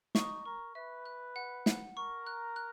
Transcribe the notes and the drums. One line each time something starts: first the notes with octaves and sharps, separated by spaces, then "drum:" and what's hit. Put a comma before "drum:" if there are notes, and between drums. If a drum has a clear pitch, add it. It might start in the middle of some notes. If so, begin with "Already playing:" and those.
D#4 D#5 C#6, drum: snare
A#4 A#5 C#6
B4 E5 B5
F#6
F#5
F#5, drum: snare
A#4 A#5 C#6
F#6
F#6